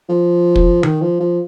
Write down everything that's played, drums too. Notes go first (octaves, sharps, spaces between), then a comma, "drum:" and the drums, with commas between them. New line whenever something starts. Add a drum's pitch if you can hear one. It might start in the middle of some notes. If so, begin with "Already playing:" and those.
F3
drum: kick
D#3, drum: tom D#3
F3
F3